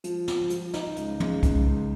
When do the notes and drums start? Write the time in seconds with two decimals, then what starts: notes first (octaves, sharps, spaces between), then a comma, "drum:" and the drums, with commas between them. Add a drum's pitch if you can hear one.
0.04 F3, drum: hi-hat
0.28 F3, drum: snare
0.50 F3, drum: hi-hat
0.74 D#4, drum: snare
0.96 C#2, drum: hi-hat
1.20 C#3, drum: tom
1.43 C#2, drum: kick C2, hi-hat
1.66 C#2